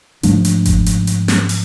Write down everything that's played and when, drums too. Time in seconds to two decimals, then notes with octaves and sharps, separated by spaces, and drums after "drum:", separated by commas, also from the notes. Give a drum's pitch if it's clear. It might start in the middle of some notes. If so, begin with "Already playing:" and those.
0.23 G#2 F3 A3 D4, drum: hi-hat
0.45 drum: hi-hat
0.66 drum: kick G1, hi-hat
0.86 drum: hi-hat
1.07 drum: hi-hat
1.28 drum: snare
1.49 drum: open hi-hat